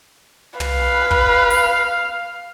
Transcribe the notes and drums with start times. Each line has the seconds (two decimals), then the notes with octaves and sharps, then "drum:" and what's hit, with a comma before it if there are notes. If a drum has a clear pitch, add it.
0.60 B4 F5, drum: tom
1.11 drum: kick
1.50 drum: open hi-hat